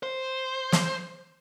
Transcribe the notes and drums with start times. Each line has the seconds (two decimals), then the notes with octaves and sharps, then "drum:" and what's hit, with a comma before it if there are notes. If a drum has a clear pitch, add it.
0.03 C5
0.72 drum: snare